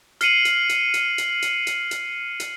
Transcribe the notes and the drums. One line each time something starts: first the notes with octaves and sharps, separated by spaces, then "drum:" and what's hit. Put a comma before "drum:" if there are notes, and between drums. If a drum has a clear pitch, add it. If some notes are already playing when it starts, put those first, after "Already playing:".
F6 C7 C#7 D#7 F#7, drum: hi-hat
drum: hi-hat
drum: hi-hat
drum: hi-hat
drum: hi-hat
drum: hi-hat
drum: hi-hat
drum: hi-hat
drum: hi-hat